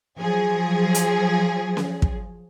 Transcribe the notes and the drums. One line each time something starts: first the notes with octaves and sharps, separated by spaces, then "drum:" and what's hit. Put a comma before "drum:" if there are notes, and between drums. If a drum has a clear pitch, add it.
F3 F#3 G#4
drum: hi-hat
drum: snare C#4
drum: kick